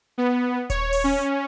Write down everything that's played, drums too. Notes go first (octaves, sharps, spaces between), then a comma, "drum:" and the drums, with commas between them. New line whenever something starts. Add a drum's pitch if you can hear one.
B3
C#5, drum: kick D#1, hi-hat
drum: open hi-hat
C#4